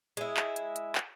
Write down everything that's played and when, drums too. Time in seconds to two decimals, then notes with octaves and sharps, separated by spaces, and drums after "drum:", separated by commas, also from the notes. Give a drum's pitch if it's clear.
0.17 G#3 E4, drum: hi-hat
0.37 drum: clap
0.56 drum: hi-hat
0.76 drum: hi-hat
0.95 drum: clap